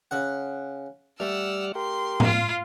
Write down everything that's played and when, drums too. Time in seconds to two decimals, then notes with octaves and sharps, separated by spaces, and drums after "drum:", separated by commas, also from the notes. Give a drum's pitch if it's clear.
0.11 C#3 F#5
1.20 G3 A3 D5 F#5 E6 F6
1.75 G4 A#4 C6
2.20 F4 F5, drum: tom A2